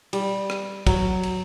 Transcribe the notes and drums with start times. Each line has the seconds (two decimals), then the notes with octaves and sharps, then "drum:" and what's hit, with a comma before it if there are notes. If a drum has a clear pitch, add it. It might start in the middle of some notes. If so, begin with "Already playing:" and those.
0.13 G3, drum: cymbal
0.50 drum: rim click
0.87 F#3, drum: kick, cymbal
1.23 drum: cymbal